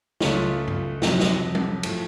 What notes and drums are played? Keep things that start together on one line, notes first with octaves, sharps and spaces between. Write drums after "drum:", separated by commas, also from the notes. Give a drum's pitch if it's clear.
C#2 C#3 A3 C#4 F4, drum: snare
drum: tom G2
F2 C3 F#3, drum: snare
drum: snare
drum: tom G3
A2 F3 A3, drum: cymbal